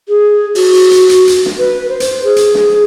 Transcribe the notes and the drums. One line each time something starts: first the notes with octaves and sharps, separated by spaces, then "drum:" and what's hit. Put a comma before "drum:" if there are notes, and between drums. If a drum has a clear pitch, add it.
G#4
F#4, drum: open hi-hat
drum: open hi-hat
drum: hi-hat
drum: hi-hat
drum: hi-hat
drum: snare
B4
C5
drum: hi-hat
G#4
drum: hi-hat
drum: snare